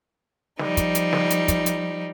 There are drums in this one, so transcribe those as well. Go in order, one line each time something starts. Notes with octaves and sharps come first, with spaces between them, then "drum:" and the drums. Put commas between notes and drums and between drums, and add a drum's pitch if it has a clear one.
F3 G3 D#4, drum: snare
drum: kick, hi-hat
drum: hi-hat
drum: snare
drum: hi-hat
drum: kick, hi-hat
drum: hi-hat